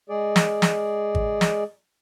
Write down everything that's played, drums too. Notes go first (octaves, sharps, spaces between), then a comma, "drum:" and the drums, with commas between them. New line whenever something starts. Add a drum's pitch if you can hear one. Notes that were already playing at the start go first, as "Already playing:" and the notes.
G#3 G#4 D5
drum: snare
drum: snare
drum: kick G#1
drum: snare